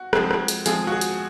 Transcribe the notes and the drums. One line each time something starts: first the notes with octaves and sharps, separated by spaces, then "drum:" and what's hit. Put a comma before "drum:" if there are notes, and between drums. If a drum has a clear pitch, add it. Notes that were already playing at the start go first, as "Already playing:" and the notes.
Already playing: F#4
F3 G#3 C4, drum: rim click
drum: rim click
drum: hi-hat
F3 G#3 C4 G#4, drum: hi-hat
F#4
G#4
drum: hi-hat